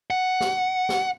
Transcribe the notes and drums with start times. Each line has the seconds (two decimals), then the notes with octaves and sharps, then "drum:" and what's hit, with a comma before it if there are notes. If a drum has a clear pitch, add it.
0.10 F#5
0.41 drum: snare
0.89 drum: snare